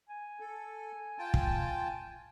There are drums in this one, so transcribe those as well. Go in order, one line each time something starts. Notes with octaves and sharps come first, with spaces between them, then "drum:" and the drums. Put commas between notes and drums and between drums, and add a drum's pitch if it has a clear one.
G#5
A4
F4 G5 A5
drum: kick